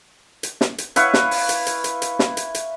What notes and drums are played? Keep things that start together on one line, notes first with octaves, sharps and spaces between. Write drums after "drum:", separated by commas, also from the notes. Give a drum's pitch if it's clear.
drum: hi-hat
drum: snare
drum: hi-hat
E4 B4 F5 C#6, drum: hi-hat
drum: snare
drum: open hi-hat
drum: hi-hat
drum: hi-hat
drum: hi-hat
drum: hi-hat
drum: snare
drum: hi-hat
drum: hi-hat